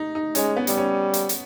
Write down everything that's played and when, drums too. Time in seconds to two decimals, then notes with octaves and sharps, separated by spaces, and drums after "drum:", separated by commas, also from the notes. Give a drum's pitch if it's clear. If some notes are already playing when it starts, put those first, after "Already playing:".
Already playing: D#4
0.15 D#4
0.35 G#3 C#4, drum: hi-hat
0.56 B3
0.67 G3, drum: hi-hat
0.77 C#4
1.14 drum: hi-hat
1.29 drum: hi-hat